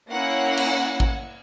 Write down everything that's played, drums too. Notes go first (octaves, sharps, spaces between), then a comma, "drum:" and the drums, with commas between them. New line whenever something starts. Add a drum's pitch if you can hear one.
A#3 C#4 E4 F#5
drum: cymbal
drum: kick A1